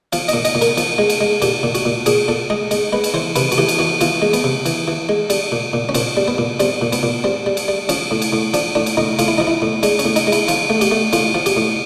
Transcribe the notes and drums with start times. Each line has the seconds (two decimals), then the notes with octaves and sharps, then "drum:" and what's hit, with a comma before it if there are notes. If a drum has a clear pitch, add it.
0.13 F3 F5, drum: cymbal
0.28 D#5, drum: cymbal
0.33 A#2
0.45 D#5, drum: cymbal
0.55 A#2
0.61 A#4, drum: cymbal
0.77 F3, drum: cymbal
0.98 G#3
1.10 drum: cymbal
1.21 G#3
1.42 A#2 G4, drum: cymbal
1.63 A#2
1.75 F#4, drum: cymbal
1.85 A#2
2.06 A#2 G#4, drum: cymbal
2.28 A#2 A4
2.50 G#3 G#4
2.71 G#3, drum: cymbal
2.93 G#3 B4
3.04 drum: cymbal
3.14 E3 C5
3.36 C3 B4, drum: cymbal
3.52 F#4, drum: cymbal
3.58 E3 G4
3.68 drum: cymbal
3.79 E3 F#4
4.01 E3 F4, drum: cymbal
4.22 G#3
4.33 B3, drum: cymbal
4.44 C3
4.66 E3, drum: cymbal
4.88 E3
5.09 G#3
5.30 G3, drum: cymbal
5.52 A#2
5.73 A#2
5.89 C#4
5.95 A#2 C4, drum: cymbal
6.17 G3
6.28 B3
6.38 A#2
6.60 G3 C4, drum: cymbal
6.82 A#2
6.92 B3, drum: cymbal
7.03 A#2
7.24 G3 C4
7.46 G3
7.57 drum: cymbal
7.68 G3
7.89 F3 C#4, drum: cymbal
8.11 A2
8.22 drum: cymbal
8.33 A2
8.54 F3 D4, drum: cymbal
8.75 A2 D4
8.86 drum: cymbal
8.97 A2 D#4
9.19 A2 F4, drum: cymbal
9.28 E4
9.38 F3 D#4
9.47 E4
9.62 A2
9.83 G#3 D4, drum: cymbal
9.99 C#4, drum: cymbal
10.05 A2
10.16 D#4, drum: cymbal
10.27 G#3
10.32 E4, drum: cymbal
10.48 F3 F4, drum: cymbal
10.70 A3
10.81 G4, drum: cymbal
10.91 A3
11.13 A2 F4, drum: cymbal
11.35 F3
11.46 G4, drum: cymbal
11.57 A2